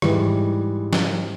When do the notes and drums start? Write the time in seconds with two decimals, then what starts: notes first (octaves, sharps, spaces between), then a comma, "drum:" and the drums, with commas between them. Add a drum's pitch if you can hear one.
0.02 G#2 E3 G3, drum: rim click
0.93 drum: snare